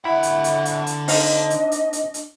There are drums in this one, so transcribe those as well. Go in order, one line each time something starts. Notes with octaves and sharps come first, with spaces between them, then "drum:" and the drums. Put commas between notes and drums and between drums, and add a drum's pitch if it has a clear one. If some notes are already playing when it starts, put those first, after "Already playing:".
D3 E4 E5 F#5 B5
drum: hi-hat
drum: hi-hat
drum: hi-hat
drum: hi-hat
C4 D4 D#4 D#5 F5, drum: open hi-hat
drum: hi-hat
drum: hi-hat
drum: hi-hat
drum: hi-hat